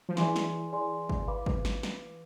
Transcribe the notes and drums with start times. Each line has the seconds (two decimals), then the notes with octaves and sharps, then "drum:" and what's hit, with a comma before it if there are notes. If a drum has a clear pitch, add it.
0.09 F3
0.17 E3 G#4 D5 G#5 C6, drum: snare
0.36 drum: snare
0.73 G#4 D5 G#5 C6
1.10 drum: kick
1.28 B4 F5 B5 D6
1.46 drum: kick
1.65 drum: snare
1.83 drum: snare